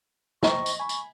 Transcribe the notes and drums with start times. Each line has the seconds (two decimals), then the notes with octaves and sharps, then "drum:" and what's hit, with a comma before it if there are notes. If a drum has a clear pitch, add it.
0.43 C5 D#5 G5 A#5 C#6, drum: snare
0.66 drum: tambourine
0.80 G#5 B5 C#6
0.89 drum: tambourine